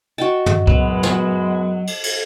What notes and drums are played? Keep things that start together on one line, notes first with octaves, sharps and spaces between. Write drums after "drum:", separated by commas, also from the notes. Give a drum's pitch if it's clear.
F#4 D#5 G5 A5
drum: tom
F#2 F#3 G#3 B3, drum: kick C2
drum: snare
drum: cymbal
drum: cymbal